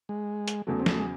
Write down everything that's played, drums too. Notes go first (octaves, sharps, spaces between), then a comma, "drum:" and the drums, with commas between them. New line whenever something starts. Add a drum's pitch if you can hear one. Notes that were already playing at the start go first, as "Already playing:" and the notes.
G#3
drum: hi-hat
E2 C#3 F#3 A3
C4
A3, drum: snare
G#3